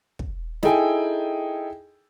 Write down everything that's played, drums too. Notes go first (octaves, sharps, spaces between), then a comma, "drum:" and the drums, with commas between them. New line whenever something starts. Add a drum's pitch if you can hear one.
drum: kick
D#4 E4 G#4 A4 G5 G#5, drum: snare